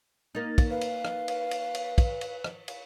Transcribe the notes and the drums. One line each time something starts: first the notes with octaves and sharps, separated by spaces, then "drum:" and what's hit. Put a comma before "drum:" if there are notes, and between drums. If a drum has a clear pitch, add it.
A#3 D#4 A6
drum: kick, cymbal
B4 F5
drum: cymbal
drum: rim click
drum: cymbal
drum: cymbal
drum: cymbal
drum: kick, cymbal
drum: cymbal
drum: rim click
drum: cymbal